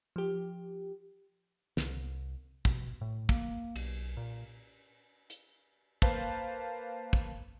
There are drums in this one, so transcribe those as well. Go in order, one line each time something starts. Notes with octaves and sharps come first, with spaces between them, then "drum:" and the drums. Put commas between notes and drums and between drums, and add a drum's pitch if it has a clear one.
F3 G4
C2, drum: snare
B2, drum: kick
A2
A#3, drum: kick
B1, drum: cymbal
A#2
drum: hi-hat
A#3 B4 C5 F5 A5, drum: kick
drum: kick